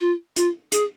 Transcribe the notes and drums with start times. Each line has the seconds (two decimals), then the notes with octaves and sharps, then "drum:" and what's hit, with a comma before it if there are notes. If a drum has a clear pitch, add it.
0.01 F4
0.36 F4, drum: hi-hat
0.72 G#4, drum: hi-hat